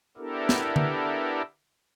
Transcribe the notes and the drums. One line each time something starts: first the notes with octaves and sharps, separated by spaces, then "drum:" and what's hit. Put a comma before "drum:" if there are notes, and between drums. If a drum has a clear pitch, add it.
B3 D4 E4 G4 A4 A#4
drum: snare
drum: tom D3